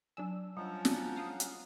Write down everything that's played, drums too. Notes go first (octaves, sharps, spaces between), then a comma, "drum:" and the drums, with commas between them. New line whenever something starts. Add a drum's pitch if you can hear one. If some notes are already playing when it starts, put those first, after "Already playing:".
F#3 D4 G#5 E6
F3 G3 C#4 F#5 A#5
D4, drum: snare
F5 D#6
drum: hi-hat